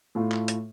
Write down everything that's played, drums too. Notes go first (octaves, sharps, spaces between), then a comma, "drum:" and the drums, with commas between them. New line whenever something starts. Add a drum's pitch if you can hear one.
A2 A3 F4
drum: clap
drum: hi-hat